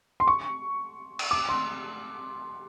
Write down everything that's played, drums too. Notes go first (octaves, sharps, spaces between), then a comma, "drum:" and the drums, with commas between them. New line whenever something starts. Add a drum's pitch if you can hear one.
C6
C#6
drum: cymbal
D6
C6